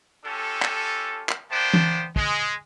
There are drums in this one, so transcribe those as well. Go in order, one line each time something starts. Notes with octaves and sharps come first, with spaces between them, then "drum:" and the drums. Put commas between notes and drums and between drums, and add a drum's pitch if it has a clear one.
C#4 F4 G4 A4
drum: clap
drum: clap
A#3 B3 D4 C5 G5 A5
drum: tom E3
G#3, drum: kick